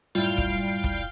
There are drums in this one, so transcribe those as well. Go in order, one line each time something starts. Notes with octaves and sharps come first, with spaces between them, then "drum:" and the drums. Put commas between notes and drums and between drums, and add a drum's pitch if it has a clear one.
F#2 A2 G3 E4 F4 F5 G5 G6
drum: kick
drum: kick